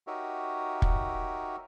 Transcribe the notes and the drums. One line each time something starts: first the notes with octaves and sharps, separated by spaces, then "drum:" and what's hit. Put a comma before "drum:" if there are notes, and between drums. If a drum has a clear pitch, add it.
D#4 F#4 G4 A#4 C#5 E5
drum: kick